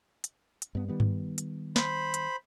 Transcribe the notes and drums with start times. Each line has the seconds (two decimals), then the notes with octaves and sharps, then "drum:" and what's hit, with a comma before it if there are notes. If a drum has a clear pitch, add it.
0.24 drum: hi-hat
0.62 drum: hi-hat
0.75 G2 B3
0.88 D#3 G3 B3
1.00 drum: tom G2
1.38 drum: hi-hat
1.76 C5 B5, drum: snare
2.14 drum: hi-hat